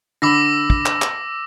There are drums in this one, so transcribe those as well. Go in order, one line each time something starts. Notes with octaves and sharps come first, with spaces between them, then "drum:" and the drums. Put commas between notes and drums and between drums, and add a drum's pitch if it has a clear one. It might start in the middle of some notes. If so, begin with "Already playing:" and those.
D3 B5 D6 E6 A#6
drum: kick
drum: clap
drum: clap